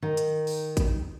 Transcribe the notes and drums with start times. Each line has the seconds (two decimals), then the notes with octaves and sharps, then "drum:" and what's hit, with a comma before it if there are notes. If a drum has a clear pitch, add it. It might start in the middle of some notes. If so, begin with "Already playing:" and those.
0.02 D#3
0.17 drum: hi-hat
0.47 drum: open hi-hat
0.77 drum: kick, hi-hat